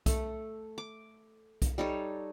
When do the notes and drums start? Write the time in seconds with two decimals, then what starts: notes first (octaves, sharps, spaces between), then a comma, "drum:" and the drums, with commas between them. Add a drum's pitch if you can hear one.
0.06 A3, drum: kick B1, hi-hat
0.78 D6
1.62 drum: kick B1, hi-hat
1.78 G3 D#4 A4 C#5